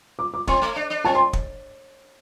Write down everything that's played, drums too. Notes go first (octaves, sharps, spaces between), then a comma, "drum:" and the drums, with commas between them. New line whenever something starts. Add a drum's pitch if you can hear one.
D6
D6
C4 C6, drum: kick
A3
D4
D4
C4 A5
C6
drum: kick